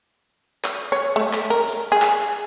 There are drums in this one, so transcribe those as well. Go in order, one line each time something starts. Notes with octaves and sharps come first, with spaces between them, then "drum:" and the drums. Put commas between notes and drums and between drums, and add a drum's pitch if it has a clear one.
drum: clap
C#5
A3
drum: clap
A#4
drum: hi-hat
G#4
drum: clap